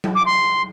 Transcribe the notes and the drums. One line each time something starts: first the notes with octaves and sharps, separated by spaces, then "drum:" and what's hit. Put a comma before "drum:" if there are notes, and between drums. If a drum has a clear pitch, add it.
drum: tom F#3
D6
C6